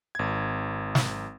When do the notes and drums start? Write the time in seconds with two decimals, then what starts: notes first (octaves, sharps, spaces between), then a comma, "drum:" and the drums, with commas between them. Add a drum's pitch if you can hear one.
0.15 G#1 G#6
0.95 drum: snare